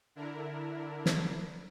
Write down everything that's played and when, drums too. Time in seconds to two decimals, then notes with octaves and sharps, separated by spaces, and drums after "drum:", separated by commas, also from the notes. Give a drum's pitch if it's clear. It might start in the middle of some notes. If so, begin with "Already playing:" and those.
0.15 D3 D4 E4 A#4
1.06 drum: snare